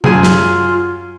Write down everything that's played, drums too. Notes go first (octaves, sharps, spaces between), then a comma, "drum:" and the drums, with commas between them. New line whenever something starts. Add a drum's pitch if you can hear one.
F#2 F4 G#4 G#5, drum: tom
drum: snare